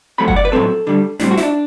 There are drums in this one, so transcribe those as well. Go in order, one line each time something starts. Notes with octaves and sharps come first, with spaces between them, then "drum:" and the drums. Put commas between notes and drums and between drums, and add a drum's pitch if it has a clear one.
G2 F#3 A3 C4 B5
F#5, drum: kick F#1
D5
B4
A2 F#3 A3 C4 A4
D2 D3 G3
A2 G3 C4 D4, drum: snare
F#4
E4, drum: snare
D4